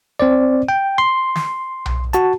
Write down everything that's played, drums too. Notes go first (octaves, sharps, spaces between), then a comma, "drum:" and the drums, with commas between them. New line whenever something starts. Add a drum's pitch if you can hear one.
C4 C5 D5
G5
C6
drum: snare
drum: tom B1
F#4 A5, drum: hi-hat